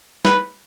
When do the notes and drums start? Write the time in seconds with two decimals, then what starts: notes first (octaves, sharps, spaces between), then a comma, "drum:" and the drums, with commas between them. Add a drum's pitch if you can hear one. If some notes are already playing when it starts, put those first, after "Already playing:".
0.25 B4, drum: snare